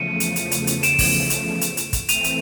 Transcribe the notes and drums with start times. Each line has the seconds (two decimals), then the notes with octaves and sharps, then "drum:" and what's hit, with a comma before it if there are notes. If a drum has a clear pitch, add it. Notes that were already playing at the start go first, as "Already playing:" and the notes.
Already playing: E2 C#3 F3 A3 C#7 D#7
0.20 drum: hi-hat
0.36 drum: hi-hat
0.51 drum: hi-hat
0.67 drum: hi-hat
0.83 D7 E7, drum: hi-hat
0.99 drum: kick, open hi-hat
1.30 drum: hi-hat
1.61 drum: hi-hat
1.77 drum: hi-hat
1.93 drum: kick, hi-hat
2.09 E3 A3 C4 D#7 F7, drum: hi-hat
2.24 drum: hi-hat